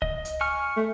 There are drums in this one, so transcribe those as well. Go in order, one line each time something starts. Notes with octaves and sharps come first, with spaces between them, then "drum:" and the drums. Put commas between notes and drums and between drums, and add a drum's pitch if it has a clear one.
D#5, drum: kick C#2
drum: hi-hat
G#5 C#6 F6
A3